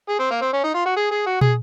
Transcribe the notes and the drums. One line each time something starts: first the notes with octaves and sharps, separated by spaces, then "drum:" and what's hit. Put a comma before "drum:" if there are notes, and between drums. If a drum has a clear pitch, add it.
G#4
C4
A#3
C4
C#4
D#4
F4
F#4
G#4
G#4
F#4
G#4, drum: tom